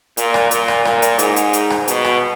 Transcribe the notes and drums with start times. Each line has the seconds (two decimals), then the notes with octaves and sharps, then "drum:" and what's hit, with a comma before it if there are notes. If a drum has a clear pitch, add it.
0.17 A#2, drum: hi-hat
0.34 drum: rim click
0.51 A#2, drum: hi-hat
0.68 drum: rim click
0.85 A#2, drum: rim click
1.02 drum: hi-hat
1.19 G#2, drum: hi-hat
1.36 drum: hi-hat
1.53 drum: hi-hat
1.70 drum: rim click
1.88 B2, drum: hi-hat
2.05 drum: rim click